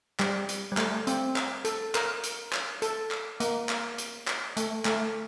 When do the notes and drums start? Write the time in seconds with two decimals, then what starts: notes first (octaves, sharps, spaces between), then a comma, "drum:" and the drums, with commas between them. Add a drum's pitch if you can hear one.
0.19 G3, drum: clap
0.49 drum: hi-hat
0.72 G3
0.77 A3, drum: clap
1.07 C4, drum: hi-hat
1.36 drum: clap
1.65 A4, drum: hi-hat
1.95 A#4, drum: clap
2.23 drum: hi-hat
2.53 drum: clap
2.82 A4, drum: hi-hat
3.11 drum: clap
3.40 A#3, drum: hi-hat
3.69 drum: clap
3.98 drum: hi-hat
4.27 drum: clap
4.57 A3, drum: hi-hat
4.85 A3, drum: clap